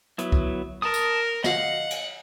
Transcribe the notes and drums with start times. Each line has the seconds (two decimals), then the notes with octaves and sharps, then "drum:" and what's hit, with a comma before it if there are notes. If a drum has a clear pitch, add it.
0.18 F#3 B3 E4, drum: hi-hat
0.32 drum: kick C2
0.82 A#4 A5 D#6
0.94 drum: tambourine
1.44 D#5 F5 F#5, drum: snare
1.91 drum: cymbal